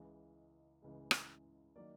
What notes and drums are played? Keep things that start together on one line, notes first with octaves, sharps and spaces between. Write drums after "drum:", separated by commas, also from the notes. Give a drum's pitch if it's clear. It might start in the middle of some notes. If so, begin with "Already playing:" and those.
Already playing: C#2 C#3 E3 G#3 D#5
C#2 C#3 E3 G#3
drum: rim click
D#3 F#3 A#3 D5